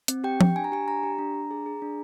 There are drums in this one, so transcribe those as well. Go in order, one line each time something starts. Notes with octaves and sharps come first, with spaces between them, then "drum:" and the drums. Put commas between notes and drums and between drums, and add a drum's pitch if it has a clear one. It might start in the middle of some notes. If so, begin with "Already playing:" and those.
C4, drum: hi-hat
G4 G5
G4, drum: tom F3
D4 G#5
A#5
G4 G#5
D4 A#5
G4
D4
D4
G#4
G#4
D4